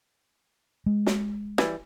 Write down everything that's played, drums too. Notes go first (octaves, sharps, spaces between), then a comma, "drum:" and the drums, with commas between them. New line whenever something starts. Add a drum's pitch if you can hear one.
G#3
drum: snare
E3 G3, drum: snare